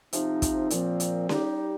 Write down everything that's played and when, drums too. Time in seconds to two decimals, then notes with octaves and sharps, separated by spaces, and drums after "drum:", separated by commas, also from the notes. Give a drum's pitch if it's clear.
0.13 C3 F3 C4 D#4, drum: hi-hat
0.42 drum: kick, hi-hat
0.70 A#2 F3 C4, drum: hi-hat
1.00 drum: hi-hat
1.29 G3 D#4 G4, drum: snare C#4